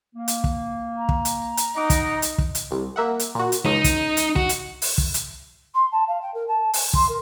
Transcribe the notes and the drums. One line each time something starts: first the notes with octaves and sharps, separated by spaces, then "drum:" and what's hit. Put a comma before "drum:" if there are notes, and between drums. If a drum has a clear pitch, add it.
A#3
drum: hi-hat
drum: kick
A#5
drum: kick
drum: hi-hat
drum: hi-hat
D#4 D#5 F#5 D6
drum: kick, hi-hat
drum: hi-hat
drum: kick
drum: hi-hat
C2
A#3 E5 F#5
drum: hi-hat
A#2 F#4
drum: hi-hat
C#2 D#4
drum: kick, hi-hat
drum: hi-hat
F#4, drum: kick
drum: hi-hat
drum: open hi-hat
drum: kick
drum: hi-hat
C6
A5
F5
G5
A#4
A5
G#5, drum: open hi-hat
C6, drum: kick
A#4